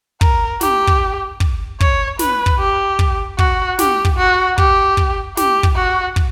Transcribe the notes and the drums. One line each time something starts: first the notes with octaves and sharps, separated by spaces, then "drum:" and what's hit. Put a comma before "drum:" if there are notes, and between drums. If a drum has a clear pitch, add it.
A#4, drum: kick
G4, drum: snare
drum: kick
drum: kick
C#5, drum: kick
B4, drum: snare
drum: kick
G4
drum: kick
F#4, drum: kick
G4, drum: snare
drum: kick
F#4
G4, drum: kick
drum: kick
G4, drum: snare
drum: kick
F#4
drum: kick